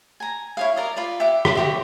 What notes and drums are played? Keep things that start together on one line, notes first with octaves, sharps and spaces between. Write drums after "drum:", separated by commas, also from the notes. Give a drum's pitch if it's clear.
G#5 A#5
E4 C#5 F5
A#4 D5 D#5
F4 B4 D5
G4 E5 F#5 D6
drum: rim click
F#4 G4 E5